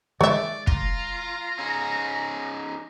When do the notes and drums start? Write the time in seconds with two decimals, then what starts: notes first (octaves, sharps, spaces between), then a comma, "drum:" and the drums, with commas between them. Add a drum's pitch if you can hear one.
0.21 D#3 G#3 C#5 D5 E5
0.67 F4 A#5, drum: kick
1.59 C#4 D#4 G#4